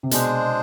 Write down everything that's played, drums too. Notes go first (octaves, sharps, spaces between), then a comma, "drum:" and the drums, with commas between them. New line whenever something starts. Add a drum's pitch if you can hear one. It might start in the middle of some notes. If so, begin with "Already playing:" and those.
C3
B2 G#3 D4 G#4 C5, drum: hi-hat